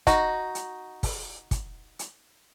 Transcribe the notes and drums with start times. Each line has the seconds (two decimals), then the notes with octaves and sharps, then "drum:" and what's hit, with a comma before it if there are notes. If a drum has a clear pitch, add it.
0.07 D#4 F#4, drum: kick, hi-hat
0.55 drum: hi-hat
1.03 drum: kick, open hi-hat
1.51 drum: kick, hi-hat
1.99 drum: hi-hat